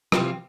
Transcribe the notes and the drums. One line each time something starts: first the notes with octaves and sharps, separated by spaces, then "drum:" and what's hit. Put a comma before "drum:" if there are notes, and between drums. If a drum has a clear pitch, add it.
C3 E3 F3 G3 C4 F4, drum: rim click